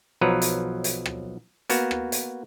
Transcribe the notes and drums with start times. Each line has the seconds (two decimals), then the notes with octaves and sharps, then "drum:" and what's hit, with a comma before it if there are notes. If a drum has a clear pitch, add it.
0.21 B1 F3 F#3 B4 A#5
0.42 drum: hi-hat
0.84 drum: hi-hat
1.06 drum: rim click
1.70 A#3 B3 F#4, drum: hi-hat
1.91 drum: rim click
2.12 drum: hi-hat